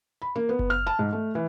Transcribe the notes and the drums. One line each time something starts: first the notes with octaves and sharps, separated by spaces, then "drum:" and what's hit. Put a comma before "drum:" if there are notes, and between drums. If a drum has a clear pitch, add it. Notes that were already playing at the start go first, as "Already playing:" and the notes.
B5
A#3
B3
drum: kick F#1
F6
A5
G#2
A3
E3